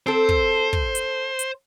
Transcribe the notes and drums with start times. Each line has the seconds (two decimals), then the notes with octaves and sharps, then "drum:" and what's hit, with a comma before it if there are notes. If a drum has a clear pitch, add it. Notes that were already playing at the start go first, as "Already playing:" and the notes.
0.07 C4 A4 C5
0.29 drum: kick
0.73 drum: kick
0.95 drum: hi-hat
1.39 drum: hi-hat